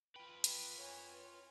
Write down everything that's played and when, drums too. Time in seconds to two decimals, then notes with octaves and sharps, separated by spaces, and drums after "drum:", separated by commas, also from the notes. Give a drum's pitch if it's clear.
0.16 F4 B4 G5
0.44 drum: hi-hat
0.77 C#5 G#5